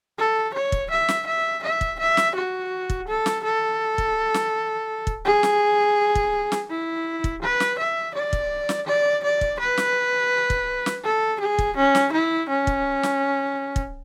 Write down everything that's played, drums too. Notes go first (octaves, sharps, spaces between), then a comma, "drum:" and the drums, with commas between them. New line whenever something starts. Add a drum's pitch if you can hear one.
A4
C#5
drum: kick
E5
drum: snare
E5
E5
drum: kick
E5
drum: snare
F#4
drum: kick
A4
drum: snare
A4
drum: kick
drum: snare
drum: kick
G#4
drum: snare
drum: kick
drum: snare
E4
drum: kick
B4
drum: snare
E5
D5
drum: kick
drum: snare
D5
D5
drum: kick
B4
drum: snare
drum: kick
drum: snare
A4
G#4
drum: kick
C#4
drum: snare
E4
C#4
drum: kick
drum: snare
drum: kick